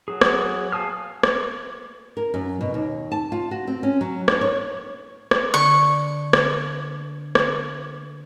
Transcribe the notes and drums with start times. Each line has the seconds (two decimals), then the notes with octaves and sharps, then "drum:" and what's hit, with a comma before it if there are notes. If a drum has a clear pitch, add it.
0.08 F#3 G#4
0.21 drum: rim click
0.72 F5 G#5 A5 D#6 F6
1.23 drum: rim click
2.17 A#4
2.34 F#2
2.61 B2
2.74 D#2
3.12 A5
3.32 F4
3.51 F#4
3.67 C4
3.83 C#4
4.01 F#3
4.28 D4, drum: rim click
4.41 C#5
5.31 drum: rim click
5.54 D3 D5 C#6
6.33 drum: rim click
7.35 drum: rim click